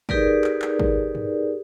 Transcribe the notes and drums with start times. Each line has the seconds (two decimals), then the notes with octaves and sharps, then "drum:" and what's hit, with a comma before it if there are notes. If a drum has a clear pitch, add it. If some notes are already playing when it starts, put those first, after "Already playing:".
0.09 D#4 G4 G#4 A#4 B4 D5, drum: kick
0.44 drum: clap
0.62 drum: clap
0.79 drum: kick
1.15 drum: tom G2